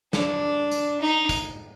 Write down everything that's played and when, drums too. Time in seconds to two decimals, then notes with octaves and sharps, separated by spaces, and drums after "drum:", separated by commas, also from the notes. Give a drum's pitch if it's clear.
0.13 D4, drum: snare
0.71 drum: tambourine
1.01 D#4
1.29 drum: kick, tambourine